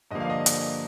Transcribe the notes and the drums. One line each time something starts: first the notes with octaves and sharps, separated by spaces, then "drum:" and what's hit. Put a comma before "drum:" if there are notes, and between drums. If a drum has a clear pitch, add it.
G2 D3 F3 A#3 D#5
F5
D#5
drum: hi-hat